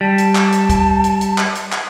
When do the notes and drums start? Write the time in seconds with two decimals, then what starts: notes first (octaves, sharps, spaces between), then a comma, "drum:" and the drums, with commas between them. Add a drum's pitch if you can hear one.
0.01 G3 A5
0.18 drum: hi-hat
0.35 drum: clap
0.52 drum: hi-hat
0.69 drum: kick, hi-hat
1.04 drum: hi-hat
1.21 drum: hi-hat
1.38 drum: clap
1.55 drum: hi-hat
1.72 drum: clap